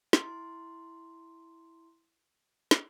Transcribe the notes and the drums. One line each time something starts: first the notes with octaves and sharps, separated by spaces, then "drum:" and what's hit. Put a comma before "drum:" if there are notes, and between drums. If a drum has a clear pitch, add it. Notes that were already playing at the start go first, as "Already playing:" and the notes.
E4 C6, drum: snare
drum: snare